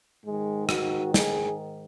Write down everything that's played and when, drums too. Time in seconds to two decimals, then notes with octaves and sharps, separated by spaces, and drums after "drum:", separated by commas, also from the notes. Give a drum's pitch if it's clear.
0.24 G#2 D#3 G#3
0.69 F#4, drum: rim click
1.14 G#4, drum: snare